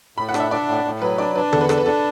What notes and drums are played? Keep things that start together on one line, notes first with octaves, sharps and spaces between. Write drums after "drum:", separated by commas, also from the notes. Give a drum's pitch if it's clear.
A2 B5
F#5
D4, drum: rim click
E5
D4 D5
A2
A2
F#3 B4
D4 D5
D4 B4
E2 A4, drum: tom D3
B4
D4 A4, drum: rim click
B4
D4 A4